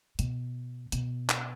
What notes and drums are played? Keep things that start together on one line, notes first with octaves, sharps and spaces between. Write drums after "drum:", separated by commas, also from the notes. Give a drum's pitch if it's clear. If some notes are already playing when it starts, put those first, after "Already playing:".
B2, drum: hi-hat
B2, drum: hi-hat
drum: clap